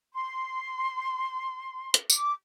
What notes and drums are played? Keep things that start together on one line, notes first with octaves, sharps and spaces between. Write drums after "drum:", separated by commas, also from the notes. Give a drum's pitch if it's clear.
C6
drum: hi-hat
D6, drum: tambourine